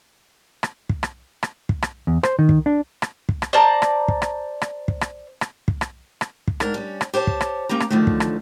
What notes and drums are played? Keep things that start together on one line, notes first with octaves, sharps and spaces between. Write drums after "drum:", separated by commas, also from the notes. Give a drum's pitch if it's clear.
drum: rim click
drum: kick
drum: rim click
drum: rim click
drum: kick
drum: rim click
E2
C5, drum: rim click
D#3
drum: kick
D4
drum: rim click
drum: kick
drum: rim click
C5 D5 A5 A#5
drum: rim click
drum: kick
drum: rim click
drum: rim click
drum: kick
drum: rim click
drum: rim click
drum: kick
drum: rim click
drum: rim click
drum: kick
G#2 D4 A#4, drum: rim click
G3 C#4
drum: rim click
G4 C5 C#5 A5
drum: kick
drum: rim click
A#3 C#4 G4 A#5
drum: rim click
D3 D#3 F3 F#3 A3
drum: kick
drum: rim click